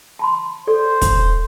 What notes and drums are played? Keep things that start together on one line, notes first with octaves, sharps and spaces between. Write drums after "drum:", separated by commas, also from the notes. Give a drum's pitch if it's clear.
A5 B5 C6
A4 C5 D5
drum: kick, hi-hat